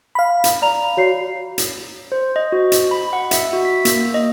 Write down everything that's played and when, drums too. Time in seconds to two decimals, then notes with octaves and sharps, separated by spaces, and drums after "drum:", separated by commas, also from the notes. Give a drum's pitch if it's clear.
0.15 F5 B5
0.44 drum: hi-hat
0.62 D5 A#5 F7
0.97 F#4 C#5 C7
1.58 drum: hi-hat
2.12 C5
2.36 D#5
2.52 F#4
2.72 D#5, drum: hi-hat
2.91 B5
3.13 F#5
3.31 E5, drum: hi-hat
3.53 F#4
3.65 B6
3.85 A#3, drum: hi-hat
4.14 D#5